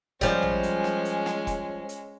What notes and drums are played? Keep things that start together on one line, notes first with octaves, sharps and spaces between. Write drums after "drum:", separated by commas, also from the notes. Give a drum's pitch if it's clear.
F3 G3 G#3 C#4, drum: kick F1, hi-hat
drum: tom A1
drum: hi-hat
drum: snare
drum: hi-hat
drum: snare
drum: kick F1, hi-hat
drum: hi-hat